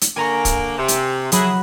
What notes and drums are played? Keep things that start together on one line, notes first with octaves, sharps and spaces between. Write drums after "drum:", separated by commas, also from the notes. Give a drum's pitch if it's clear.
drum: hi-hat
D3 A#3 G#5 A#5 C#6
drum: kick, hi-hat
C3
drum: hi-hat
F#3 E4 G#4 B5 F#6, drum: hi-hat